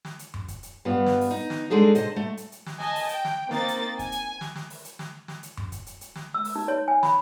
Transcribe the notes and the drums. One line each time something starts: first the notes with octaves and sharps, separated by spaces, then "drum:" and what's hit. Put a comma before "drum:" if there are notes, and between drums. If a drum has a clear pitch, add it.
drum: snare
drum: hi-hat
drum: tom F#2
drum: kick, hi-hat
drum: hi-hat
G2 B3 F4
drum: snare
drum: open hi-hat
D#4
drum: snare
G#3 D4 D#4 G#4 A4
C3 C5 D#5, drum: hi-hat
A3
drum: hi-hat
drum: hi-hat
drum: snare
D#5 G#5 A5, drum: snare
drum: open hi-hat
G5, drum: hi-hat
drum: snare
A#3 C4 D#4 A6, drum: snare
drum: hi-hat
G#5, drum: kick, hi-hat
drum: hi-hat
drum: snare
drum: snare
drum: open hi-hat
drum: hi-hat
drum: snare
drum: snare
drum: hi-hat
drum: tom F#2
drum: kick, hi-hat
drum: hi-hat
drum: hi-hat
drum: snare
E6
drum: open hi-hat
D#4
C#5
G#5
B5, drum: snare